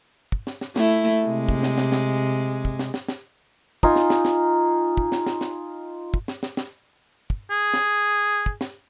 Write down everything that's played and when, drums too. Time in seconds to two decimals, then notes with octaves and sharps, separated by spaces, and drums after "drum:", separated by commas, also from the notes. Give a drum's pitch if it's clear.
0.32 drum: kick
0.47 drum: snare
0.61 drum: snare
0.76 A3 E4, drum: snare
1.25 C3 G#3
1.49 drum: kick
1.63 drum: snare
1.78 drum: snare
1.92 drum: snare
2.65 drum: kick
2.79 drum: snare
2.94 drum: snare
3.08 drum: snare
3.83 D#4 F4 G#5, drum: kick
3.96 drum: snare
4.10 drum: snare
4.25 drum: snare
4.97 drum: kick
5.12 drum: snare
5.26 drum: snare
5.41 drum: snare
6.14 drum: kick
6.28 drum: snare
6.43 drum: snare
6.57 drum: snare
7.30 drum: kick
7.50 G#4
7.74 drum: snare
8.46 drum: kick
8.61 drum: snare